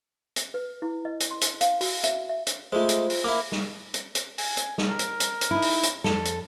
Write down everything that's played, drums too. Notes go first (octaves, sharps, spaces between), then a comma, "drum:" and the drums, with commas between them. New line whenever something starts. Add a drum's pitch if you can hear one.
drum: hi-hat
B4
E4
D#5
drum: hi-hat
C6
drum: hi-hat
F5, drum: hi-hat
F#4, drum: open hi-hat
E5, drum: hi-hat
E5
drum: hi-hat
G#3 A3 F4 C5
drum: hi-hat
drum: open hi-hat
A#3 E4 D6
drum: snare
drum: hi-hat
drum: hi-hat
G#5, drum: open hi-hat
drum: hi-hat
drum: snare
A#4
drum: hi-hat
drum: hi-hat
drum: hi-hat
D#4 E4
drum: open hi-hat
drum: hi-hat
F2 A4, drum: snare
drum: hi-hat